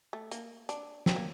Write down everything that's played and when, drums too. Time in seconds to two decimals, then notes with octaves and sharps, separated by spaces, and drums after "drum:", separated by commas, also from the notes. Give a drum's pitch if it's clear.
0.13 A3
0.32 A#3, drum: hi-hat
0.69 D4, drum: hi-hat
1.06 C4, drum: snare
1.16 A#3